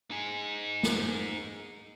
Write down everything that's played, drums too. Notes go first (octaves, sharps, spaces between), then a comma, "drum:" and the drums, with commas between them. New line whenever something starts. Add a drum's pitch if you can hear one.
D#4 G#4
drum: snare